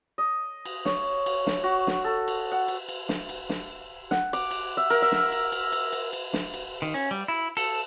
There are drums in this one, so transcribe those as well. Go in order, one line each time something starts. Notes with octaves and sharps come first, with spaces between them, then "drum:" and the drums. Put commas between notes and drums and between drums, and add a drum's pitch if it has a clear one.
D#5
drum: cymbal
C#5, drum: snare
drum: cymbal
drum: snare
F#4
drum: snare
A4
drum: cymbal
F#5
drum: cymbal
drum: cymbal
drum: snare
drum: cymbal
drum: snare
F#5, drum: snare
D6, drum: cymbal
drum: cymbal
E5
A#4, drum: cymbal
E5
drum: snare
drum: cymbal
drum: cymbal
drum: cymbal
drum: cymbal
drum: cymbal
drum: snare
drum: cymbal
D#3
C#4
G3
E4
A4, drum: cymbal